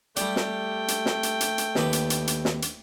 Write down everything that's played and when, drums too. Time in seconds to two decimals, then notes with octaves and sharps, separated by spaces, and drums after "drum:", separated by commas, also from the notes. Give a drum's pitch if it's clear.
0.16 G3 A3 D5 G5, drum: hi-hat
0.36 drum: snare
0.88 drum: hi-hat
1.06 drum: snare
1.23 drum: hi-hat
1.41 drum: hi-hat
1.58 drum: hi-hat
1.75 D#2 B4 D5, drum: snare
1.93 drum: hi-hat
2.10 drum: hi-hat
2.27 drum: hi-hat
2.45 drum: snare
2.62 drum: hi-hat